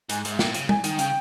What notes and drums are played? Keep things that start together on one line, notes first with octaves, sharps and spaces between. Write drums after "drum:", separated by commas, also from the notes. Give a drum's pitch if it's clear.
G#2 G#5, drum: hi-hat
G#2, drum: hi-hat
E5
A#2 G5, drum: snare
C#3, drum: hi-hat
G#5, drum: tom G3
D#3, drum: hi-hat
C#3 G5, drum: hi-hat